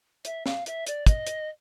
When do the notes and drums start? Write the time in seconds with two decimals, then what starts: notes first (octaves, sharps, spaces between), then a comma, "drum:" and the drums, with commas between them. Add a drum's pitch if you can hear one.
0.25 E5, drum: hi-hat
0.46 F5, drum: snare
0.66 E5, drum: hi-hat
0.87 D5, drum: hi-hat
1.06 D#5, drum: kick, hi-hat
1.27 drum: hi-hat